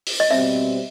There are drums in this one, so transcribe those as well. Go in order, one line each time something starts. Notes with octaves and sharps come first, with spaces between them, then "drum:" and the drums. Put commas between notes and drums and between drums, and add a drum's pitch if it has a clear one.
drum: open hi-hat
D#5
B2 G3 C4 E5